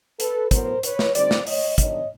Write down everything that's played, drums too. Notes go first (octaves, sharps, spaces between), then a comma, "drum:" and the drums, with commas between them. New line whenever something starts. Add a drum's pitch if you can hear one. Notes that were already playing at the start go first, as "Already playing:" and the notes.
A4 B4, drum: hi-hat
A2 F#3 B3 A#4 C5, drum: kick, hi-hat
B4 C#5, drum: hi-hat
drum: snare
D3 G3 C4 D#4 C5 D5, drum: hi-hat
drum: snare
C#5 D#5, drum: open hi-hat
G2 D#3 F#3 B3 D4 C#5 D#5, drum: kick, hi-hat